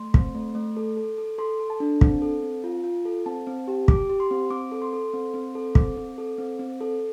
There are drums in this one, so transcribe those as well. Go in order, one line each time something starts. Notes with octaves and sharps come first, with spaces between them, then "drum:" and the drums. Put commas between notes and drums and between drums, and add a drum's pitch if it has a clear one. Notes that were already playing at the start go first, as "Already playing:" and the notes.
Already playing: A3 C6
C4, drum: kick
A3
A3
A4
A4
A4
A4 C6
A4
A5
D4
C4, drum: kick
A4
C4
F4
F4
A4
C4 A5
C4
G4
G4 D6, drum: kick
G4
C6
C4
C4 D6
A4
C6
A4
C4
C4
A4
C4 D6, drum: kick
C4
A4
C4
C4
A4